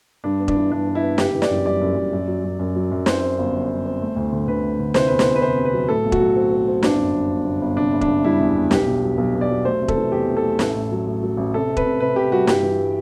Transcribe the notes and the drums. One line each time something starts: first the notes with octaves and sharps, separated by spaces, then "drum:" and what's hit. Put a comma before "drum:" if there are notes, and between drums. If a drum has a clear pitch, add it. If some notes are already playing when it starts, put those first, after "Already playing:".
G2 D4
B3
D4, drum: kick E1
E3
G2 D4
B3
E4
B3
F#1 G4, drum: snare
E3
D5, drum: snare
F#2
G3 D5
F#2
F#2
F#2
F#3
F#2
F#2
F#3
F#2
C4 C5, drum: snare
C4
G1
G1
G1
C4
A3
D2
D3
D3 B4
A3
D3
C3 C5, drum: snare
E2 B4
C5, drum: snare
E2
B4
C3 C5
C3
B4
F#3
A2 A4
B1
F#4, drum: kick E1
F#3
C4
C4
C4
G1 D4, drum: snare
F#2
G1
G1
G1
G1
C3 D4
F#1
D4, drum: kick E1
F#1
G3 E4
E2
E2
B1 G4, drum: snare
B2
F#3
B1
B2
D5
F#3
A3 C5
C3
A4, drum: kick E1
E3
E2 G4
E3
A4
A3
A1, drum: snare
A2
F#3
A2
F#3
A1
C3 A4
C3
B4, drum: kick E1
C3
C3 B4
C3 G4
G3 F#4
G2 G4, drum: snare
E3
G3